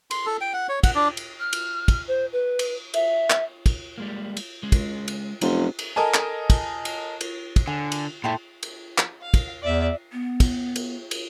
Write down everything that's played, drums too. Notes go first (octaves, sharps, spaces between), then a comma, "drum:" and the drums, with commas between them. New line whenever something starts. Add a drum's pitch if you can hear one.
C6, drum: cymbal
A4
G5
F#5
C#5
F#5, drum: kick, cymbal
D4
drum: cymbal
F6
drum: cymbal
drum: kick, cymbal
C5
B4
drum: cymbal
E5, drum: cymbal
drum: clap
drum: kick, cymbal
G3 G#3 A#3
drum: cymbal
G#3 C#4 G#4
drum: kick, cymbal
drum: cymbal
F1 F#3 C#4 C6, drum: cymbal
drum: cymbal
A4 A#4 D#5 G#5 A5
drum: clap
drum: kick, cymbal
drum: cymbal
drum: cymbal
drum: kick, cymbal
D3 G#5
drum: cymbal
A#2 E4 A4 G5 C6
drum: cymbal
drum: clap
F5
drum: kick, cymbal
E2 D5 E5
B3
drum: kick, cymbal
drum: cymbal
drum: cymbal